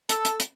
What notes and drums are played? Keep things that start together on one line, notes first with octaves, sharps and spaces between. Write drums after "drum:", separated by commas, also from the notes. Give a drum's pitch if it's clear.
A4, drum: hi-hat
drum: hi-hat
drum: hi-hat